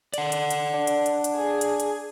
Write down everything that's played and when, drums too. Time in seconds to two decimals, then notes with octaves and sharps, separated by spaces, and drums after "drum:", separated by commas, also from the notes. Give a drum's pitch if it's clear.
0.14 D5 F#5, drum: hi-hat
0.32 drum: hi-hat
0.50 drum: hi-hat
0.74 D4
0.87 drum: hi-hat
1.06 drum: hi-hat
1.24 drum: hi-hat
1.36 G#4
1.61 drum: hi-hat
1.80 drum: hi-hat